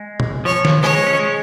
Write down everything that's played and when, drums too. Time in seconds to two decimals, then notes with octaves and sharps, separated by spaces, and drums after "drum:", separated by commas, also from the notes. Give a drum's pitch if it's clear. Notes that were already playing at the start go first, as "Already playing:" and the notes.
Already playing: G#3
0.20 drum: tom B2
0.45 F3 C#5
0.65 drum: snare
0.83 G#3 C#5
0.95 G#3
1.07 C#4
1.20 G#3